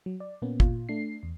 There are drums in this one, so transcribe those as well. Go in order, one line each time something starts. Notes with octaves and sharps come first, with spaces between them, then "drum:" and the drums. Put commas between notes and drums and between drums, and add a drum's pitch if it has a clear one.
F#3
D5
A#2 A#3 B3 C#4
A#2 F4, drum: kick
A3 D4 C7
E2